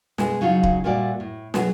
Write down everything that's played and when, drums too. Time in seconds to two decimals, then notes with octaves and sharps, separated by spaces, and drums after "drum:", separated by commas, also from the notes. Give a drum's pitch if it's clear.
0.18 B2 G#3, drum: snare
0.41 C#3 F#3 D#4 F4
0.63 drum: kick D1
0.84 A#2 G3 A3 F#4 D5
1.20 A2
1.54 B2 F#3 G#4, drum: snare